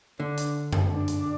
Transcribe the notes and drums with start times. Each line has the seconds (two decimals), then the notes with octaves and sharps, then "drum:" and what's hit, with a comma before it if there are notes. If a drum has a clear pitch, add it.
0.20 D3 D4
0.37 drum: hi-hat
0.73 drum: tom F#2
0.91 D4
1.08 drum: hi-hat